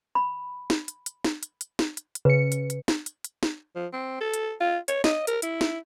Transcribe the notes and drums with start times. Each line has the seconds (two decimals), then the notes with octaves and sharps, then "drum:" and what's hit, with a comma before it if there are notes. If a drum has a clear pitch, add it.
0.15 B5
0.70 drum: snare
0.88 drum: hi-hat
1.06 drum: hi-hat
1.24 drum: snare
1.43 drum: hi-hat
1.61 drum: hi-hat
1.79 drum: snare
1.97 drum: hi-hat
2.15 drum: hi-hat
2.25 C#3 B4 C#7
2.52 drum: hi-hat
2.70 drum: hi-hat
2.88 drum: snare
3.06 drum: hi-hat
3.24 drum: hi-hat
3.43 drum: snare
3.76 F3
3.93 C4
4.21 A4
4.34 drum: hi-hat
4.60 F4
4.88 C#5, drum: hi-hat
5.04 D#5, drum: snare
5.27 A#4, drum: hi-hat
5.42 E4, drum: hi-hat
5.61 drum: snare